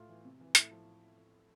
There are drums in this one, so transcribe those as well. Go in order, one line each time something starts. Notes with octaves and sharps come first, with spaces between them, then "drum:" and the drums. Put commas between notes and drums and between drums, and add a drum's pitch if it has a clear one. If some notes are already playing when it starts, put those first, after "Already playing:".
Already playing: A2 F4
E3
C3
E3
A2 E4, drum: hi-hat
F3